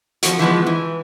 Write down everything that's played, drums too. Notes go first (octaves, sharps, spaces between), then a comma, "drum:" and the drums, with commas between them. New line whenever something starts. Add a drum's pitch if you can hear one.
F3 F#4, drum: hi-hat
E3 F3 G#3 B3
E3